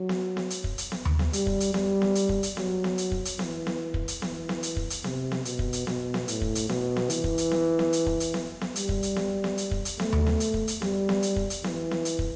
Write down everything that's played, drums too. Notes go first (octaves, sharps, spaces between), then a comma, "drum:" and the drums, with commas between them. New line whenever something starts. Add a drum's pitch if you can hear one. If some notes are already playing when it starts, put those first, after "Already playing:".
Already playing: F#3
drum: snare B3
drum: snare B3
drum: hi-hat
drum: kick
drum: hi-hat
drum: snare B3
drum: tom D#2
drum: snare B3
G3, drum: hi-hat
drum: kick
drum: hi-hat
G3, drum: snare B3
drum: snare B3
drum: hi-hat
drum: kick
drum: hi-hat
F#3, drum: snare B3
drum: snare B3
drum: hi-hat
drum: kick
drum: hi-hat
E3, drum: snare B3
drum: snare B3
drum: kick
drum: hi-hat
E3, drum: snare B3
drum: snare B3
drum: hi-hat
drum: kick
drum: hi-hat
C3, drum: snare B3
drum: snare B3
B2, drum: hi-hat
drum: kick
drum: hi-hat
B2, drum: snare B3
drum: snare B3
A2, drum: hi-hat
drum: kick
drum: hi-hat
B2, drum: snare B3
drum: snare B3
E3, drum: hi-hat
drum: kick
drum: hi-hat
drum: snare B3
drum: snare B3
drum: hi-hat
drum: kick
drum: hi-hat
drum: snare B3
drum: snare B3
G3, drum: hi-hat
drum: kick
drum: hi-hat
drum: snare B3
drum: snare B3
drum: hi-hat
drum: kick
drum: hi-hat
A3, drum: snare B3
drum: tom D#2
drum: snare B3
drum: hi-hat
drum: kick
drum: hi-hat
G3, drum: snare B3
drum: snare B3
drum: hi-hat
drum: kick
drum: hi-hat
E3, drum: snare B3
drum: snare B3
drum: hi-hat
drum: kick